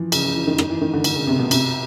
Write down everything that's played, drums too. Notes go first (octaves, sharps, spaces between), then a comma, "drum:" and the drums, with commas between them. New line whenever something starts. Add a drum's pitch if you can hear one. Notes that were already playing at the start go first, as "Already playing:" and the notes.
Already playing: E3 F3
C#3, drum: cymbal
C#3
E3
D#3
D#3, drum: rim click
E3
D#3
D3
D3, drum: cymbal
C#3
C3
B2
C3, drum: cymbal